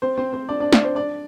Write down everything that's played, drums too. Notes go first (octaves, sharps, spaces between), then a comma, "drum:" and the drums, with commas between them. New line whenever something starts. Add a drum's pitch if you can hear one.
C4 C5
C4 C5
C4 C5
D4 D5
D4 D5
D4 D5, drum: snare
C4 C5
D4 D5